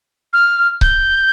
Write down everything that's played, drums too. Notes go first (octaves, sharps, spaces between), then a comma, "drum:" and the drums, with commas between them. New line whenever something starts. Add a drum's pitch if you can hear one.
F6
G6, drum: kick C#1